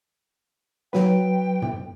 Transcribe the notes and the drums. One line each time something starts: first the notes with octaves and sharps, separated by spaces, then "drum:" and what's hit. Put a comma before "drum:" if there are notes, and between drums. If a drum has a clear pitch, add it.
F#3 B4 G5, drum: snare
drum: tom